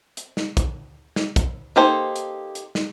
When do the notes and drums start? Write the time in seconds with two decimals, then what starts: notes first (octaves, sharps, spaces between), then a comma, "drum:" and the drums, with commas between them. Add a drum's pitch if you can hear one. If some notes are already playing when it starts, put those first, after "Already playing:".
0.17 drum: hi-hat
0.37 drum: snare
0.57 drum: kick, hi-hat
1.16 drum: snare
1.36 drum: kick, hi-hat
1.76 A#3 D#4 G4 A4 C5
2.16 drum: hi-hat
2.55 drum: hi-hat
2.75 drum: snare